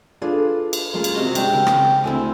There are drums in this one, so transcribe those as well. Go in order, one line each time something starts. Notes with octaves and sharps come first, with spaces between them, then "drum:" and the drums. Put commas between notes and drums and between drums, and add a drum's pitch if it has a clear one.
D4 F4 G#4 A4 B4
drum: cymbal
G#3 A#3 C#4 F4 G#4
drum: cymbal
C3 F#4 D#5
G#3 D4 C5 G5, drum: cymbal
C#3 A#4
drum: rim click
D2 C4 E4 A#4 G#5